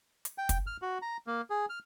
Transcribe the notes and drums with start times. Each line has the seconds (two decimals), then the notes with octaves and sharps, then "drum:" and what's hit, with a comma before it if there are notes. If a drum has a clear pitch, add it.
0.25 drum: hi-hat
0.38 G5
0.49 drum: kick, hi-hat
0.67 F6
0.82 F#4
1.02 A#5
1.27 A#3
1.50 G#4
1.70 F6